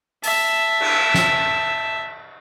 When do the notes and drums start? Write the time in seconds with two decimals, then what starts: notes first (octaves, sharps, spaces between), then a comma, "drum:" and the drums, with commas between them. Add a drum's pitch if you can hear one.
0.24 E5 A5, drum: open hi-hat
0.80 drum: cymbal
1.14 drum: snare